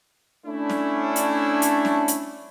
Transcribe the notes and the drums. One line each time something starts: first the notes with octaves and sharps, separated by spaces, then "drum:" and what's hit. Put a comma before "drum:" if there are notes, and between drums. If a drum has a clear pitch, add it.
A3 C#4 D4 E4
drum: snare
drum: hi-hat
drum: hi-hat
drum: snare
drum: hi-hat